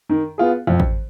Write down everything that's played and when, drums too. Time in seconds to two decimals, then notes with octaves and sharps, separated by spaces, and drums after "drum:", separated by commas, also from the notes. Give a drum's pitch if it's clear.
0.09 D#3
0.38 B3 F4 G#4
0.67 F2
0.80 drum: kick